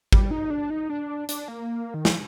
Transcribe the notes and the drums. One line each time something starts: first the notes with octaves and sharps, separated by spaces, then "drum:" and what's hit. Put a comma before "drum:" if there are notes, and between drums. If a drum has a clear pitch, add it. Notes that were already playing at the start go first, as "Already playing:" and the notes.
G3, drum: kick G#1
D#4
D4
D#4
D4
D4, drum: hi-hat
A#3
D#3
F3, drum: snare